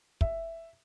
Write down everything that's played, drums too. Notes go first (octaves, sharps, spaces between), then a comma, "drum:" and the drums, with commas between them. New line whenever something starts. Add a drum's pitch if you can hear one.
E5, drum: kick